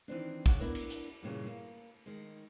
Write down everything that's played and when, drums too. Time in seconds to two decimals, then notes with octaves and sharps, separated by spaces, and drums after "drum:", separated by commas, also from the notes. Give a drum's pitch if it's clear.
0.08 D#3 E3 C4 D4
0.46 C#3 D4 F#5, drum: kick
0.59 B3 D4 E4 A#4 B4
0.75 drum: cymbal
0.90 drum: hi-hat
1.23 G2 A#2 C#3 E3
1.46 A#3
2.06 D#3 G#3